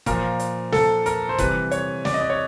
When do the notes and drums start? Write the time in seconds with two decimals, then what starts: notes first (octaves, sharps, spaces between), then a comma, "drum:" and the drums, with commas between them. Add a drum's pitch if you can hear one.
0.06 A#2 F3 A#4, drum: kick F1, hi-hat
0.39 drum: hi-hat
0.72 A4, drum: snare
1.06 A#4, drum: hi-hat
1.29 C5
1.38 C3 E3 G3 B4, drum: kick F1, hi-hat
1.71 C#5, drum: hi-hat
2.05 D5, drum: snare
2.14 D#5
2.21 D5
2.30 C#5